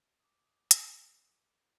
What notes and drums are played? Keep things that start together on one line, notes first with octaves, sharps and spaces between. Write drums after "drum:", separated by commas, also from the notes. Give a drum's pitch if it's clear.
D6 D#6
drum: hi-hat